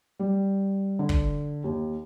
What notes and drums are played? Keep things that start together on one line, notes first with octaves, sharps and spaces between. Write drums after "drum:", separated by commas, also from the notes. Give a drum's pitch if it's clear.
G3
D3
drum: kick
D#2